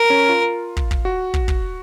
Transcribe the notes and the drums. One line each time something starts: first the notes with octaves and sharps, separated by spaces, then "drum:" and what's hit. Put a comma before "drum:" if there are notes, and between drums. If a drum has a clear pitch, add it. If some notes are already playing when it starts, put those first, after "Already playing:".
Already playing: A#4
C#4
F4
drum: kick
drum: kick
F#4
drum: kick
drum: kick